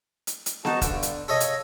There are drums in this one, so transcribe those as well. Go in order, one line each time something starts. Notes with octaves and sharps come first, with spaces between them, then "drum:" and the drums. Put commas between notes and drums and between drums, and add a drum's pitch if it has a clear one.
drum: hi-hat
drum: hi-hat
D#4 F#4 A5, drum: snare B3
G2 D3, drum: kick, hi-hat
drum: hi-hat
C#3 A4 C#5 D#5
drum: hi-hat